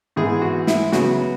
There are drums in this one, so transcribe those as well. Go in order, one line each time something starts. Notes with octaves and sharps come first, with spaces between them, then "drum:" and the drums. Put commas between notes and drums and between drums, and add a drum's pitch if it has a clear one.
G#2 E3 B3 G#4
F#4
E4, drum: snare
C#3 F#3 B3 F#4, drum: snare